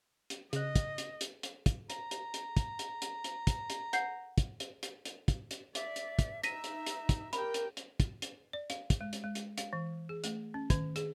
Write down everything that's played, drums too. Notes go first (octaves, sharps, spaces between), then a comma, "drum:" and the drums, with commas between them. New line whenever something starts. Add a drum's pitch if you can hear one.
drum: hi-hat
C#3 D#5 F#6, drum: hi-hat
drum: kick, hi-hat
drum: hi-hat
drum: hi-hat
drum: hi-hat
drum: kick, hi-hat
A#5, drum: hi-hat
drum: hi-hat
drum: hi-hat
drum: kick, hi-hat
drum: hi-hat
drum: hi-hat
drum: hi-hat
drum: kick, hi-hat
drum: hi-hat
F#5 G6 C7, drum: hi-hat
drum: kick, hi-hat
drum: hi-hat
drum: hi-hat
drum: hi-hat
drum: kick, hi-hat
drum: hi-hat
D5 E5, drum: hi-hat
drum: hi-hat
drum: kick, hi-hat
D#4 E5 A#5 A#6 B6 D#7, drum: hi-hat
drum: hi-hat
drum: hi-hat
drum: kick, hi-hat
G4 A#4 G5 B5, drum: hi-hat
drum: hi-hat
drum: hi-hat
drum: kick, hi-hat
drum: hi-hat
D5
F5, drum: hi-hat
drum: kick, hi-hat
G#3
drum: hi-hat
G#3
drum: hi-hat
F5, drum: hi-hat
E3
G#4
A3, drum: hi-hat
C#4
D#3, drum: kick, hi-hat
G#4, drum: hi-hat